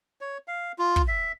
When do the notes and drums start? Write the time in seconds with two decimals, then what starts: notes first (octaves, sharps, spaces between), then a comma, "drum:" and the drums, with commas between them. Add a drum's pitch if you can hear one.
0.21 C#5
0.48 F5
0.79 F4
0.96 drum: kick
1.08 E5